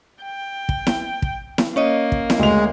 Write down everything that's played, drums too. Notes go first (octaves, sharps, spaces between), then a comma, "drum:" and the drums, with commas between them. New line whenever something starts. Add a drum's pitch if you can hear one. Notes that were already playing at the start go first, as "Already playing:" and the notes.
G5
drum: kick
drum: snare E4
drum: kick
drum: snare E4
A#3 C#4 C#5 D#5
drum: kick
drum: snare E4
D2 G#3 F7